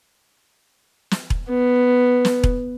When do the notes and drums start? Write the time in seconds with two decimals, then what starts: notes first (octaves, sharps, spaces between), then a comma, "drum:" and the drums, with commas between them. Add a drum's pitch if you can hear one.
1.11 drum: snare
1.30 drum: kick E1
1.49 B3
2.25 drum: snare
2.44 drum: kick E1